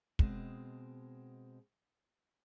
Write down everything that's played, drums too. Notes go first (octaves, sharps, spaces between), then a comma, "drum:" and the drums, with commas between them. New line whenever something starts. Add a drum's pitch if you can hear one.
B2 G#3 C4, drum: kick